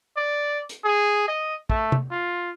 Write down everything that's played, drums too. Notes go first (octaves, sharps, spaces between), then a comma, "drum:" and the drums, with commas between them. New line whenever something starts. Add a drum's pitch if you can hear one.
D5
drum: hi-hat
G#4
D#5
A3, drum: kick
drum: tom
F4